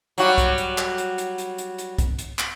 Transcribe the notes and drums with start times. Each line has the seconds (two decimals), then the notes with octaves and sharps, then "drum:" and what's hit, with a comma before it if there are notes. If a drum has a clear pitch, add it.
0.18 F#3 G3 F#4, drum: hi-hat
0.38 drum: kick, hi-hat
0.58 drum: hi-hat
0.78 drum: clap
0.98 drum: hi-hat
1.18 drum: hi-hat
1.38 drum: hi-hat
1.58 drum: hi-hat
1.78 drum: hi-hat
1.98 drum: kick, hi-hat
2.19 drum: hi-hat
2.39 drum: clap